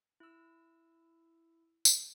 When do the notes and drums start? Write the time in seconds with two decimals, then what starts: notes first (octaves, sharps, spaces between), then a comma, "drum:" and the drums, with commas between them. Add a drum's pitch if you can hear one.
0.20 E4 E6
1.85 drum: tambourine